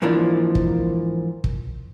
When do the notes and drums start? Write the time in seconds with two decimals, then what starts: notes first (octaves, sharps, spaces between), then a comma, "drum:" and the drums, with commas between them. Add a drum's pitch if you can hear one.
0.02 G#2 E3 F3 A#3 D4
0.55 drum: kick
1.44 drum: kick